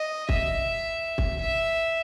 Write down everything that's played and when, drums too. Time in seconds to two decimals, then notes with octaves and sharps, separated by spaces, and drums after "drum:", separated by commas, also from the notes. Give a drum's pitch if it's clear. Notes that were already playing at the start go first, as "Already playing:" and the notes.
Already playing: D#5
0.29 E5, drum: kick
1.18 drum: kick
1.40 E5